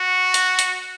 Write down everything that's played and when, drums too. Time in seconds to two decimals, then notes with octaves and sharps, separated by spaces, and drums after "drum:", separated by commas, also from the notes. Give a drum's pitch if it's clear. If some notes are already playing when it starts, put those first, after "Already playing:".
Already playing: F#4
0.34 drum: hi-hat
0.59 drum: hi-hat